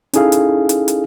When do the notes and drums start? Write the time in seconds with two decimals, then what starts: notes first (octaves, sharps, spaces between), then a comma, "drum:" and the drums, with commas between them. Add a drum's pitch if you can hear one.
0.13 C#4 D#4 E4 G#4 A4 F5, drum: hi-hat
0.32 drum: hi-hat
0.69 drum: hi-hat
0.88 drum: hi-hat